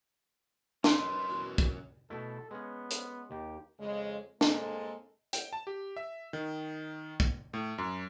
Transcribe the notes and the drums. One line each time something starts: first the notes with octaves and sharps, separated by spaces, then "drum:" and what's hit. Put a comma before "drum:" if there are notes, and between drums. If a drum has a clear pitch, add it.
C#4 D#4 E4 A#4 B4 C#5 C6, drum: snare
B2 E3 F#4
drum: kick
B2 A3 E4 A4
G#3 B3 C#4
drum: hi-hat
D#2 G4
F2 C#3 G#3
A2 G#3 A#3 C4 A4, drum: snare
G5, drum: hi-hat
A5
G4
E5
D#3
drum: kick
A2
F#2